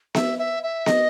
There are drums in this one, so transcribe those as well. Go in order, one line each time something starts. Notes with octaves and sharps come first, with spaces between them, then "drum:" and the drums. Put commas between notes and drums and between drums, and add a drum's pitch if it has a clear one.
E5, drum: snare B3
E5
E5
D#5, drum: snare B3